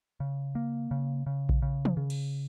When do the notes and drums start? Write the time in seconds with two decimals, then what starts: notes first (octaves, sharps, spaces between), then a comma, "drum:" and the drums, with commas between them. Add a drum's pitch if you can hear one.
0.20 C#3
0.55 A#3
0.91 C#3
1.26 C#3
1.49 drum: kick A#1
1.62 C#3
1.85 drum: tom
1.97 C#3
2.10 drum: cymbal